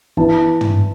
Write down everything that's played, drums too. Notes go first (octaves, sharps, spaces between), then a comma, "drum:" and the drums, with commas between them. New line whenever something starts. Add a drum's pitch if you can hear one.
E3 B3 E4 A5, drum: kick F#1
drum: tom